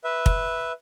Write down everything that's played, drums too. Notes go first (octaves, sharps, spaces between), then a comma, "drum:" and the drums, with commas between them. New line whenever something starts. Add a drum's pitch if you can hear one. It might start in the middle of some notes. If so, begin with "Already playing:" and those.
B4 E5
drum: kick